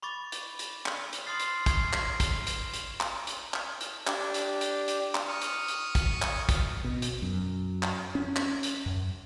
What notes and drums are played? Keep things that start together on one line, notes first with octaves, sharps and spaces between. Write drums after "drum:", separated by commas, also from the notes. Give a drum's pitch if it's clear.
B5 C#6 D6 A6
drum: hi-hat
drum: hi-hat
drum: clap
drum: hi-hat
C6 D#6 F6 A6 C7
drum: hi-hat
C#6 G#6 C7, drum: kick, hi-hat
drum: clap
drum: kick, hi-hat
drum: hi-hat
drum: hi-hat
drum: clap
drum: hi-hat
drum: clap
drum: hi-hat
D4 G4, drum: clap
drum: hi-hat
drum: hi-hat
drum: hi-hat
drum: clap
C#6 D#6 F6
drum: hi-hat
drum: hi-hat
drum: kick, hi-hat
drum: clap
drum: kick, hi-hat
B2
drum: hi-hat
F#2
drum: clap
C#4
drum: clap
drum: hi-hat
F#2